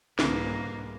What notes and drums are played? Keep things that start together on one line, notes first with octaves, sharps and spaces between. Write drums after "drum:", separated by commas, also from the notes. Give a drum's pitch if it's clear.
C2 G#2 D3 E3 A#3 B3, drum: snare